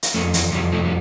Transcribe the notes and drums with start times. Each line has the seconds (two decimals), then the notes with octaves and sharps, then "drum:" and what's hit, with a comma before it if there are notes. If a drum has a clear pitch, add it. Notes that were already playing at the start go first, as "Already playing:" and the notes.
0.03 drum: hi-hat
0.14 F2 A3 C#4
0.34 E3, drum: hi-hat
0.53 F2 E3 G3
0.72 F3 A3
0.85 G3